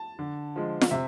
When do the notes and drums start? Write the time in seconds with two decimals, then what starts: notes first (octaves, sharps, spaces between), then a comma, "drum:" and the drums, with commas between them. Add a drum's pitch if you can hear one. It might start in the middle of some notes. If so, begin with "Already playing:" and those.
Already playing: A5
0.19 D3
0.56 F3 G#3
0.82 drum: snare F4
0.91 C3 E5